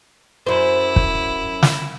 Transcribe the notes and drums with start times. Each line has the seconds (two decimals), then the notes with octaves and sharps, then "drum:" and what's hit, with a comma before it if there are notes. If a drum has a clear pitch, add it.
0.47 F#2 E4 C5
0.96 drum: kick
1.63 drum: snare